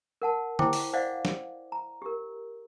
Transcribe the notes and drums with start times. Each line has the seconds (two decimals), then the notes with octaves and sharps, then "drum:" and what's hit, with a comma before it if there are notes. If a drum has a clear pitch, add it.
0.22 A#4 F#5 A5
0.59 E4 C5 G5 D6, drum: tom
0.73 drum: open hi-hat
0.93 C5 D5 D#5 F5 F#5
1.25 drum: snare
1.72 A#5
2.02 G4 A#4